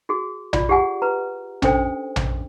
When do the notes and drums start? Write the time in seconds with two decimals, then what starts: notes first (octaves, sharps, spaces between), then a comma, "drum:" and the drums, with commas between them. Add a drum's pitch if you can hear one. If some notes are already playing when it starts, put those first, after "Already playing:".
0.09 F#4 G#4
0.53 F4 D5, drum: tom A#1
0.69 G4 G#4 F#5 G#5
1.02 B4 A#5
1.62 C#4 D4 A4 C5 G5, drum: tom A#1
2.16 drum: tom A#1